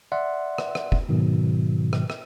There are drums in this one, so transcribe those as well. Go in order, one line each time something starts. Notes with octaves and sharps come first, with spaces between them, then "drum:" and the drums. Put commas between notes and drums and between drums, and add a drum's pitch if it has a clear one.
D5 E5 F#5 C6
drum: rim click
drum: rim click
drum: kick
G#2 B2 D#3 F#3
drum: rim click
drum: rim click